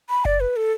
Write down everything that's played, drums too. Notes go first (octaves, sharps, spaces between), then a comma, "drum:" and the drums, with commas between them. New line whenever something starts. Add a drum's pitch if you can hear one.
B5
D5, drum: kick F#1
B4
A4